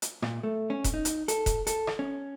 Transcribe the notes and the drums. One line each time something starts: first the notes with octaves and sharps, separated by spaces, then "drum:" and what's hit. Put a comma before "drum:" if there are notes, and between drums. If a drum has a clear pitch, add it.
drum: hi-hat
A#2, drum: rim click
A3
C#4
drum: kick E1, hi-hat
D#4
drum: hi-hat
A4, drum: hi-hat
drum: kick E1, hi-hat
A4, drum: hi-hat
drum: rim click
C#4